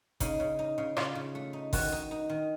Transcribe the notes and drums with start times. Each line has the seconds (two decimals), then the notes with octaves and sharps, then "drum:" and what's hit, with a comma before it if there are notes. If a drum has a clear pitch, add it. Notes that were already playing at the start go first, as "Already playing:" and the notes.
0.20 C#3 D#4, drum: kick G#1, hi-hat
0.40 C#3
0.59 D#4
0.78 C#3
0.97 C#3 F4, drum: rim click
1.15 C#3
1.35 A3
1.53 D#4
1.73 D#3 F#4, drum: kick G#1, open hi-hat
1.92 D#4
2.11 D#4
2.29 D#3